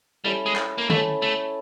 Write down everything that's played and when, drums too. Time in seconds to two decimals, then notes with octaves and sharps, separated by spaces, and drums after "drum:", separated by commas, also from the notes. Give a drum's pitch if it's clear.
0.24 G3 C#4 E4 A4
0.46 G#3
0.56 drum: clap
0.78 A#3
0.90 A3 C#4 E4 A4, drum: tom D3
1.22 A3